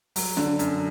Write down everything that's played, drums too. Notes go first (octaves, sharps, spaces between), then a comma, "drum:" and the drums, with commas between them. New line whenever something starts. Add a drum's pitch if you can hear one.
F#3, drum: open hi-hat
D3, drum: snare
F#2, drum: hi-hat